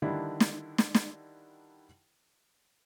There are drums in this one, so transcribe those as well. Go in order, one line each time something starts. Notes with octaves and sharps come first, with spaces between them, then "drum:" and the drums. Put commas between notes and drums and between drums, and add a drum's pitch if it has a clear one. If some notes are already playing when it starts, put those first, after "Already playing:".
D3 D#3 G3 D4 E4
drum: snare
drum: snare
drum: snare